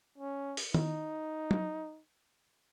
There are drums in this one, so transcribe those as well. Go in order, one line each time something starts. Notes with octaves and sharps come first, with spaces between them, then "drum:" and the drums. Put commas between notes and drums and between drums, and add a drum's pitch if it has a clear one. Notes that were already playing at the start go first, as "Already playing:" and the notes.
C#4
drum: open hi-hat
D#4, drum: tom
drum: tom F#3